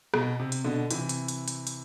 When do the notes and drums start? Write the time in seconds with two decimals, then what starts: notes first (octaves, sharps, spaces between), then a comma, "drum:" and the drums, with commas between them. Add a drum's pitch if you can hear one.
0.14 B2, drum: rim click
0.40 C3
0.52 drum: hi-hat
0.64 B2 D3
0.91 C3 E3, drum: hi-hat
1.09 drum: hi-hat
1.29 drum: hi-hat
1.48 drum: hi-hat
1.67 drum: hi-hat